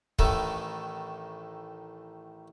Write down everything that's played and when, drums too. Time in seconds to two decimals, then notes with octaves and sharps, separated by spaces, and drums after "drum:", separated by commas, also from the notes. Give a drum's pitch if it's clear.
0.19 A1 A2 D#3 A3 A4, drum: kick